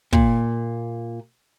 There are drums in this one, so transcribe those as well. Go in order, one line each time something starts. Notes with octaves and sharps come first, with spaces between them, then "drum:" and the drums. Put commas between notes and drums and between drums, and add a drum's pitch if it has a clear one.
A#2, drum: kick